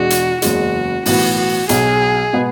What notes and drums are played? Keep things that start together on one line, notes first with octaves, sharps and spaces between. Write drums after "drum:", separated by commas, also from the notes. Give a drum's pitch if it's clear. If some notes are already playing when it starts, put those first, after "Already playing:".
Already playing: E2 B2 G#3 D4 F#4
drum: hi-hat
F#1 E2 C#3 G#3 F#4, drum: hi-hat
B1 A2 E3 B3 F#4, drum: open hi-hat
F#4
B1 B2 F#3 G#4, drum: hi-hat
B2 G#3 B3